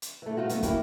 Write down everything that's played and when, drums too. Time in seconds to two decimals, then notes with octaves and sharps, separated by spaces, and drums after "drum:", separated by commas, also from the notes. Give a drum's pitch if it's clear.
0.02 drum: hi-hat
0.22 E3 A3
0.37 G#3 D#4 F4 F#4
0.49 F#3 A3 B3 C#4, drum: hi-hat
0.63 F#3 G3 A#3 C#4 E4 G4, drum: kick, hi-hat